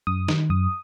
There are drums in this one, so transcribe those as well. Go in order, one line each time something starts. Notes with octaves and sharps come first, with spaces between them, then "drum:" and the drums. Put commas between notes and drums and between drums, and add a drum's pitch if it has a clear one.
F#2 D#6
D#3, drum: snare
F#2 D#6